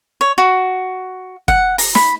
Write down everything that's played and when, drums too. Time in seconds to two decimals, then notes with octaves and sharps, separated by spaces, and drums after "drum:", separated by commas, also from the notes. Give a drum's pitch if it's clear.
0.21 C#5
0.38 F#4
1.48 F#5, drum: kick
1.78 A#5, drum: open hi-hat
1.95 B5, drum: snare